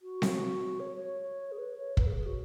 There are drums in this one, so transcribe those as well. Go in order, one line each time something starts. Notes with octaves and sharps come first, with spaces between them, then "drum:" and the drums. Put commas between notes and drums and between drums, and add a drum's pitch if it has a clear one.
F#4
drum: snare C4
C#5
C#5
G#4
B4
C#5
B4, drum: kick
G#4
G#4
F#4